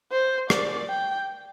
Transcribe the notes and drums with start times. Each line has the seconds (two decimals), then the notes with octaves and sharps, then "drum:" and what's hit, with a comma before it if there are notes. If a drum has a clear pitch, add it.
0.12 C5
0.50 D5, drum: rim click
0.89 G5